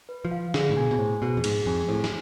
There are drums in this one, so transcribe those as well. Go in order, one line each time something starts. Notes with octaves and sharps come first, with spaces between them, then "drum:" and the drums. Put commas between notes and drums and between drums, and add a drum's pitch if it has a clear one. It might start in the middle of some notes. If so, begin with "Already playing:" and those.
B4
F3
F5
D3 G#4, drum: snare
A2
B2 G#5
B2
A2 C5
B2 G#4
F2
G#2 G#4, drum: cymbal
F2 G#5
A2 C5
drum: snare